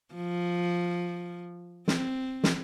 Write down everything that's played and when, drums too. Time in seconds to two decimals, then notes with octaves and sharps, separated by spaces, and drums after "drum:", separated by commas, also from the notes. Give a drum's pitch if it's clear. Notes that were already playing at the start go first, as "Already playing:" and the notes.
0.14 F3
1.88 C4, drum: snare
2.44 drum: snare